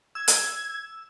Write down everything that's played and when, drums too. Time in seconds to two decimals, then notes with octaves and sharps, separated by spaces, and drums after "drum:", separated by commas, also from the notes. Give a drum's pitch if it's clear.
0.15 E6 G#6
0.28 drum: hi-hat